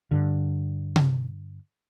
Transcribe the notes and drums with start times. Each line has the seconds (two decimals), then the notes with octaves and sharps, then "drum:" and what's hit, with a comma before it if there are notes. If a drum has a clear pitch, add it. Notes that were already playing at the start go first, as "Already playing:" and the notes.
0.11 G2 D3
0.96 drum: tom C3